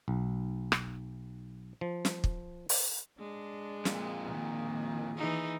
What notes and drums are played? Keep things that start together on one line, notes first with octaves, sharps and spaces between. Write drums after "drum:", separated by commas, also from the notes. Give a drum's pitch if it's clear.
B1
drum: rim click
F3
drum: snare
drum: kick
drum: open hi-hat
G#3 D4
F2 A#2, drum: snare
D#3 A#3
E3 D#4 G#4